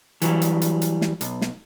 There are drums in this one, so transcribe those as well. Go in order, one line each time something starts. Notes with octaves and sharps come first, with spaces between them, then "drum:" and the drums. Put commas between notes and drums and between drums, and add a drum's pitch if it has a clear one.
E3 F#3 G3, drum: hi-hat
drum: hi-hat
drum: hi-hat
drum: hi-hat
drum: snare
B1, drum: hi-hat
drum: snare